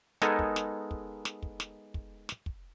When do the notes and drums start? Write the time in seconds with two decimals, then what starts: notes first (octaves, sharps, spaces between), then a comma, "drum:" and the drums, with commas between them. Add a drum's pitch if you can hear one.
0.22 G#3 B3 D#4 A4 A#4 G#5, drum: snare
0.39 drum: kick
0.56 drum: snare
0.91 drum: kick
1.25 drum: snare
1.42 drum: kick
1.60 drum: snare
1.94 drum: kick
2.29 drum: snare
2.46 drum: kick